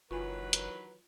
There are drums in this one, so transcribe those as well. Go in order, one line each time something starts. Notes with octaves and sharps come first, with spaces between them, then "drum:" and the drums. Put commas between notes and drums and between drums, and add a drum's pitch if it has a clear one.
F#1 D#3 E3 F#3 F4 B4 G#5
drum: hi-hat